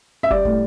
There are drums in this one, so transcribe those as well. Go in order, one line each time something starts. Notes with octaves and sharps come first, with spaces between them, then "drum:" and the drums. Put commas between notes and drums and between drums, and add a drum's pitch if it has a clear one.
E5
G3 D5, drum: kick
A2, drum: kick